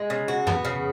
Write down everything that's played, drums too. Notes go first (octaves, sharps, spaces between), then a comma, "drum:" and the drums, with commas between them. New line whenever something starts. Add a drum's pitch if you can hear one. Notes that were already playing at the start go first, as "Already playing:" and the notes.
Already playing: G#3
C#3
F#4
B3, drum: tom
C#3